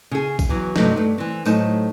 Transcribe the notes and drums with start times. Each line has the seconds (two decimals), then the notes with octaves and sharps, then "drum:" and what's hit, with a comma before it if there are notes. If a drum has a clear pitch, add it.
0.11 C#3 G#4
0.39 drum: kick A#1, tambourine
0.49 E2 E3 F#3
0.76 G2 C3 F#3 A3 D#4, drum: snare
0.96 G2 A3
1.18 E3 C4
1.45 A2 F#3 A3 D#4 C5 A5, drum: tambourine